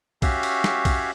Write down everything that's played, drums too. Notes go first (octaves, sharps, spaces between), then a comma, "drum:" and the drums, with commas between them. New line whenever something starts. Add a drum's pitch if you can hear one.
C#4 F#4 G4 C#5 E5 F5, drum: kick, cymbal
drum: cymbal
drum: snare
drum: kick, cymbal